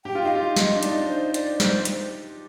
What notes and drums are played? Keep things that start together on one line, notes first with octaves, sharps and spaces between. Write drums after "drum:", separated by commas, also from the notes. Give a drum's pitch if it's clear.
G4 G5
F4
D#4 F5
F4 F5
D#4 D#5, drum: snare
D4
D5, drum: hi-hat
D#4
C5
D5, drum: hi-hat
C5, drum: snare
drum: hi-hat